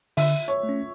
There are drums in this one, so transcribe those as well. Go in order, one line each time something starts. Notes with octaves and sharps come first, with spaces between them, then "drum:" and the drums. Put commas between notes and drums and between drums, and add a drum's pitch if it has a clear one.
D3 E5, drum: open hi-hat
C#5
A3
C#4